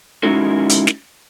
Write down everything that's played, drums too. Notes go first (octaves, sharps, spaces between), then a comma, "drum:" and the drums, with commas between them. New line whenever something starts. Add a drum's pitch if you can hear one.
G#3 C#4 D#4 E4 F#4 A#4
drum: hi-hat
drum: snare